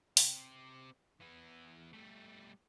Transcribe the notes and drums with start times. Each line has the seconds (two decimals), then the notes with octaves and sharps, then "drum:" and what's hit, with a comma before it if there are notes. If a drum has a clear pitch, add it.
0.17 C4 G4, drum: open hi-hat
1.20 E3 B3
1.93 G3 A3